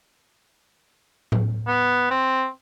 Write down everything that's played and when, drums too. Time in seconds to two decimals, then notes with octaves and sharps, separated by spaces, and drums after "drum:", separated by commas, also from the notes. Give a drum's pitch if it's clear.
1.32 drum: tom A2
1.67 B3
2.10 C4